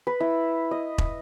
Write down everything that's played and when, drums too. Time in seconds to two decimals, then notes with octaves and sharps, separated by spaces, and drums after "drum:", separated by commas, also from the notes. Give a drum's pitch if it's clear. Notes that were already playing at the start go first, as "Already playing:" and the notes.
0.07 B4
0.20 E4
0.71 D#5
0.98 drum: kick E1